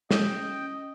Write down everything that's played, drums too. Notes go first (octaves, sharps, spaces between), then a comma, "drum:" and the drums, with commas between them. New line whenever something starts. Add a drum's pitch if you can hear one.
C#4 D#5 G5, drum: snare